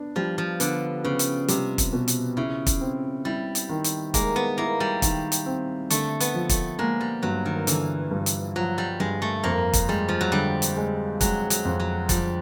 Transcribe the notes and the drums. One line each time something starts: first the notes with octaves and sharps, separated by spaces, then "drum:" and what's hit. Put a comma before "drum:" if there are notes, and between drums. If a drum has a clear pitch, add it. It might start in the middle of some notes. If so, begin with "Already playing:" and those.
Already playing: B3 D4
F3 G3
F3
D3 B3, drum: hi-hat
C#3 B3
drum: hi-hat
C3 G3, drum: hi-hat
drum: kick, hi-hat
B2
drum: hi-hat
C#3 E4
drum: kick, hi-hat
C4
G3 E4
drum: hi-hat
D#3
drum: hi-hat
G#3 A#3, drum: kick, hi-hat
B3
A#3 E4
G3
D#3, drum: kick, hi-hat
drum: hi-hat
C4
D3 A3, drum: hi-hat
B3, drum: hi-hat
F3
A3, drum: kick, hi-hat
G#3 A#3
G3
G2 F#3
D#3
D3 E3, drum: hi-hat
G2
drum: hi-hat
F3 F#3
G3
G2 G#3
A3
F2 A#3
drum: kick, hi-hat
G3 G#3
F3
F#3
D3 G3
drum: hi-hat
G#3
F#3 G#3, drum: kick, hi-hat
F#3, drum: hi-hat
F2
F#3
F3 G3, drum: kick, hi-hat